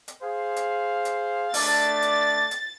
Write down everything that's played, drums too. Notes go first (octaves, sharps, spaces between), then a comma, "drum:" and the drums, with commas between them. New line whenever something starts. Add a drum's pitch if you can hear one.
drum: hi-hat
G#4 C5 F5
drum: hi-hat
drum: hi-hat
A3 D4 D5 A6, drum: open hi-hat
drum: hi-hat
drum: hi-hat